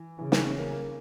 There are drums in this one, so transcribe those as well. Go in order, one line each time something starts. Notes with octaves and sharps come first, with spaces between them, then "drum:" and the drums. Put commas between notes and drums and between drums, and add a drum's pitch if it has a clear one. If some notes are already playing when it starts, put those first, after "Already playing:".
Already playing: E3
C#3 E3
E3, drum: snare
C#4
A#3
A#3